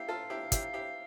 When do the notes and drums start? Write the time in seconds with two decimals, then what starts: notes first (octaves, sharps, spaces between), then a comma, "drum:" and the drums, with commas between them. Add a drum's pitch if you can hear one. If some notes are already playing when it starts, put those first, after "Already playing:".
Already playing: E4 G4 F5
0.08 F4 A4
0.30 E4 G4
0.52 E4 G4, drum: kick, hi-hat
0.73 E4 G4